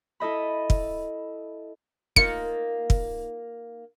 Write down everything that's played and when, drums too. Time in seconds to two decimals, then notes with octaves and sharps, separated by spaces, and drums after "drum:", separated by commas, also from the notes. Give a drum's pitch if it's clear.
0.20 E4 A4 D#5 B5
0.70 drum: kick
2.16 A#3 D#4 F4 C#7, drum: kick
2.90 drum: kick